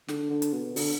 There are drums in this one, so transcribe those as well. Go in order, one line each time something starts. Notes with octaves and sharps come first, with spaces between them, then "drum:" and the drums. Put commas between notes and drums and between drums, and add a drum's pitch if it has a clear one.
D3, drum: snare
D3
drum: hi-hat
B2
D3, drum: open hi-hat